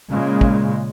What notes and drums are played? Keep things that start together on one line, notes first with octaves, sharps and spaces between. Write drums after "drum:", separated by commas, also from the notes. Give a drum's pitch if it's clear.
A#2 C#3 G#3
drum: kick